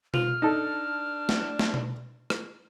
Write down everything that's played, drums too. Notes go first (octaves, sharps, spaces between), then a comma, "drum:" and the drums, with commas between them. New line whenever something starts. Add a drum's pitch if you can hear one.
F4 F6, drum: tom B2
D4 D#4 A4
drum: snare
drum: snare
drum: tom B2
drum: rim click